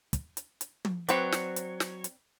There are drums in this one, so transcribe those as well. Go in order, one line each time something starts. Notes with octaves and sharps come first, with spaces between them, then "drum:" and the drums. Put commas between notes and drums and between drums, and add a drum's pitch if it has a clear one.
drum: kick, hi-hat
drum: hi-hat
drum: hi-hat
drum: tom
F#3 C4 B4 C#5 D5, drum: hi-hat
drum: snare
drum: hi-hat
drum: snare
drum: hi-hat